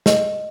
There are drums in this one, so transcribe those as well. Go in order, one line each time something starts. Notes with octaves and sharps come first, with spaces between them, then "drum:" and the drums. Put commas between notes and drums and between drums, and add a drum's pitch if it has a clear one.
D#5, drum: snare